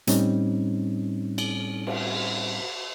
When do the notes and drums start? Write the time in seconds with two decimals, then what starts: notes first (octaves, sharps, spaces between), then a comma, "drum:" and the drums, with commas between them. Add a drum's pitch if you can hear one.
0.07 A2 G3 C4 C#4 D#4, drum: hi-hat
1.38 drum: cymbal
1.87 drum: cymbal